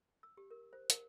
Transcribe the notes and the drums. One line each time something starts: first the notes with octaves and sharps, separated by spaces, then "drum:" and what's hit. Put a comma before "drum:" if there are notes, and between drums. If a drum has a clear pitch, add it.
E6
G4
A#4
C5
A#4, drum: hi-hat